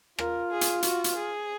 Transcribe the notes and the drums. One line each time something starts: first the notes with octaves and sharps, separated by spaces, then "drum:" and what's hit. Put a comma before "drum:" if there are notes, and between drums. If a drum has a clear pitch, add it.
F4 A#4, drum: rim click
G#4
drum: hi-hat
F#4, drum: hi-hat
drum: hi-hat
G#4